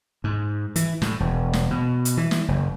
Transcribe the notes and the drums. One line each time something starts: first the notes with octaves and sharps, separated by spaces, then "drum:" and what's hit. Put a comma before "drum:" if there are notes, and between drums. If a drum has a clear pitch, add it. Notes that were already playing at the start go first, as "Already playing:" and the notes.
G#2
E3, drum: hi-hat
A2, drum: snare
E1
drum: snare
B2
drum: hi-hat
E3
drum: snare
F#1